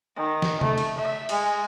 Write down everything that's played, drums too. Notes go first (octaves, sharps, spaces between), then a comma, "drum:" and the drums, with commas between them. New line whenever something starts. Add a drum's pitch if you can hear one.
D#3
drum: snare
A3, drum: tom C3
drum: cymbal
E5
G#3, drum: cymbal